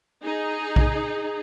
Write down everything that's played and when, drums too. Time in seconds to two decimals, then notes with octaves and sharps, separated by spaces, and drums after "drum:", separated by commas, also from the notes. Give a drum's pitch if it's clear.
0.23 D#4 G#4
0.76 drum: kick A#1